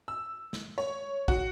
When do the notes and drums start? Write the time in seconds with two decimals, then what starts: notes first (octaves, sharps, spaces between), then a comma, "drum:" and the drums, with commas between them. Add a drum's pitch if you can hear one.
0.08 E6
0.53 drum: snare
0.78 C#5
1.28 F#4, drum: kick